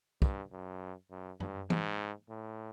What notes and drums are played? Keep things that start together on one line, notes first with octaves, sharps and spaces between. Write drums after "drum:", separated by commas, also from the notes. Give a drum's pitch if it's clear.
G2, drum: kick
F#2
F#2
G2, drum: tom F#2
G#2, drum: tom
A2